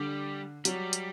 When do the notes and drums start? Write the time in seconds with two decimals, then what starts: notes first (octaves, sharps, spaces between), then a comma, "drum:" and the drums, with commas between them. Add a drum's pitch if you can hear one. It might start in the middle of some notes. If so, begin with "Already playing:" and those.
Already playing: D3 G3
0.65 F#3 G3, drum: hi-hat
0.93 drum: hi-hat